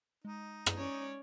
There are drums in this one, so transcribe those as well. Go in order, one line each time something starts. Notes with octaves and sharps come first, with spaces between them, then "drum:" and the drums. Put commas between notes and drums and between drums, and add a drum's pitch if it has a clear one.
G#3 D#4
drum: rim click
C#4 C#5 D5